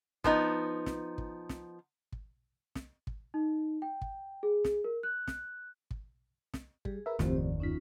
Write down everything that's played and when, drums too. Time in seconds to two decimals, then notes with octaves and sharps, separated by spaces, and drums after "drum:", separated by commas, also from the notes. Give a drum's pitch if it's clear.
0.24 F3 B3 D#4, drum: kick
0.86 drum: snare
1.18 drum: kick
1.49 drum: snare
2.12 drum: kick
2.75 drum: snare
3.07 drum: kick
3.34 D#4
3.82 G5
4.01 drum: kick
4.43 G#4
4.65 drum: snare
4.84 A#4
5.03 F#6
5.28 drum: snare
5.91 drum: kick
6.54 drum: snare
6.85 G3 G#4, drum: kick
7.06 A#4 B4 E5
7.19 F#1 D#2 A2 D#3 F3 C4 G4 C5, drum: snare
7.36 D5
7.60 G1 C#4 D#4 F4 B6